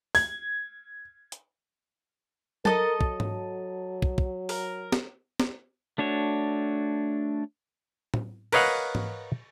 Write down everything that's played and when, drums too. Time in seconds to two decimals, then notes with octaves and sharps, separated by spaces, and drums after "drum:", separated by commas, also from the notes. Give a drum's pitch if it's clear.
0.15 G#6, drum: open hi-hat
1.32 drum: hi-hat
2.65 A4 A#4 D#5, drum: tom F#3
3.01 F#3, drum: kick
3.20 drum: tom G#2
4.02 drum: kick
4.18 drum: kick
4.49 A#4, drum: open hi-hat
4.92 drum: snare
5.40 drum: snare
5.98 A3 D4 F#4 C#5
8.14 drum: tom A2
8.52 A#4 B4 C#5 D#5 F5 F#5, drum: cymbal
8.95 drum: tom G#2